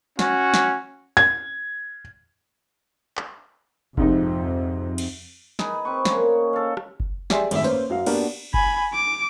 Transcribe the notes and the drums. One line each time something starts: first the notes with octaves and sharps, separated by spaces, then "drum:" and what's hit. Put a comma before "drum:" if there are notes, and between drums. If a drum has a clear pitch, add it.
C#4 F#4, drum: snare
drum: snare
G#6
drum: clap
F2 G#2 C3 D#4, drum: kick F#1
drum: cymbal
D#4 G#4 B4, drum: snare
C4 B4 C#6
A#3 C#4 C#5, drum: snare
A4 F5
drum: rim click
drum: kick F#1
G4 G#4 D5 E5 G#5 C6, drum: snare
G#1 F#2 A2 E5, drum: cymbal
A#3 C#4 B4 C5, drum: tambourine
F#2 F#3 F5
A#3 B3 D4 F#4 G4 A#4, drum: cymbal
G#5 B5, drum: kick F#1
D6